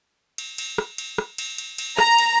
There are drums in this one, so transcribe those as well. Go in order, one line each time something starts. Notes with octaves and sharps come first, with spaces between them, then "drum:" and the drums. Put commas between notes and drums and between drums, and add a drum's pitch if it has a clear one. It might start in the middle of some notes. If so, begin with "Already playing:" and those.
drum: cymbal
drum: cymbal
drum: rim click
drum: cymbal
drum: rim click
drum: cymbal
drum: cymbal
drum: cymbal
A#5, drum: rim click
drum: cymbal